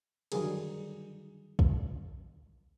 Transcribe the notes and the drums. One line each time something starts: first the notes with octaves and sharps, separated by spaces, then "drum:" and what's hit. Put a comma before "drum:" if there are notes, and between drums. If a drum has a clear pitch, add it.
D3 D#3 F#3 G3 G#4 A#4, drum: cymbal
drum: kick